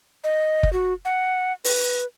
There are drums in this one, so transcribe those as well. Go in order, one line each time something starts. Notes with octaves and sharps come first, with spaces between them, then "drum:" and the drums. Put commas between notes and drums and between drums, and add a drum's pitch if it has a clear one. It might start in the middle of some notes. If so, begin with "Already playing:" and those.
D#5
drum: kick
F#4
F#5
B4, drum: open hi-hat